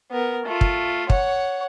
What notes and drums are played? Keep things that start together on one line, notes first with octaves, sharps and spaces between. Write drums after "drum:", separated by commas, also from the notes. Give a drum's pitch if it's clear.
B3 A#4
A3 F4
drum: kick
C#5 F#5, drum: kick